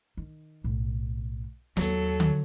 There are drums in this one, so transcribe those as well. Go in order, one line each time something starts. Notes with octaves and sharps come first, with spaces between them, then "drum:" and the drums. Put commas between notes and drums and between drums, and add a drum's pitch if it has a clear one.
D#3
B1 A2
D#2 F#3 A3 A4, drum: snare
drum: tom D3